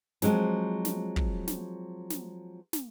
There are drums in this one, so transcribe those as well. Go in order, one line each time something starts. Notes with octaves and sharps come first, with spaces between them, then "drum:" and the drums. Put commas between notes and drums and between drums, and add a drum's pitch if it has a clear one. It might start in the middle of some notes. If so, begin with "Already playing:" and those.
F3 F#3 G#3 C4, drum: snare
drum: snare
drum: kick
drum: snare
drum: snare
drum: snare